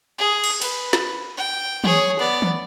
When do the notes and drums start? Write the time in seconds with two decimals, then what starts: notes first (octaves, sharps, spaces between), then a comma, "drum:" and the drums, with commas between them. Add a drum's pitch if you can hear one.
0.18 G#4
0.44 drum: cymbal
0.62 B4, drum: cymbal
0.93 drum: snare
1.37 G5
1.84 G#4 C#5, drum: tom
2.19 B3 D5
2.42 drum: tom